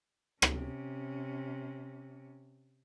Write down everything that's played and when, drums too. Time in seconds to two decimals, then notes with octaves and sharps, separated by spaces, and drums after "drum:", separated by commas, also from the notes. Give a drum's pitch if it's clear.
0.42 C3 C#4, drum: rim click